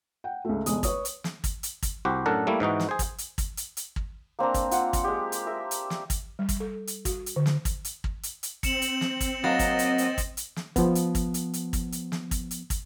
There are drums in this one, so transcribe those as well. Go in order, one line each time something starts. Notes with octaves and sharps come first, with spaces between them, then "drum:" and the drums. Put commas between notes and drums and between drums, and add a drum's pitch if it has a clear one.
F#5 G5
C#2 A3
F1 B2 G#3 D#6, drum: hi-hat
B4 C#5 D#6, drum: kick, hi-hat
drum: hi-hat
drum: snare
drum: kick, hi-hat
drum: hi-hat
drum: kick, hi-hat
C2 F#4 G4 C5
F#2 A2 D4 A4 A#4 F#5
G3 A3 A#3 E4
G#2 E3 D#4 F#4
drum: snare
G#4 C5
drum: kick, hi-hat
drum: hi-hat
drum: kick, hi-hat
drum: hi-hat
drum: hi-hat
drum: kick
A#3 C4 D4 A#5
drum: kick, hi-hat
F4 F#5, drum: hi-hat
drum: kick, hi-hat
G#3 G4
drum: hi-hat
A#4 E5 A#5
drum: hi-hat
drum: snare
drum: kick, hi-hat
G3
drum: kick, hi-hat
A4
drum: hi-hat
F#4, drum: kick, hi-hat
drum: hi-hat
D3
drum: snare
drum: kick, hi-hat
drum: hi-hat
drum: kick
drum: hi-hat
drum: hi-hat
C4 C#7 E7 F#7, drum: kick, hi-hat
drum: hi-hat
drum: snare
drum: kick, hi-hat
F#3 A#3 D#5 A6 E7
drum: kick, hi-hat
drum: hi-hat
drum: hi-hat
drum: kick, hi-hat
drum: hi-hat
drum: snare
F3 B3, drum: kick, hi-hat
drum: hi-hat
drum: kick, hi-hat
drum: hi-hat
drum: hi-hat
drum: kick, hi-hat
drum: hi-hat
drum: snare
drum: kick, hi-hat
drum: hi-hat
drum: kick, hi-hat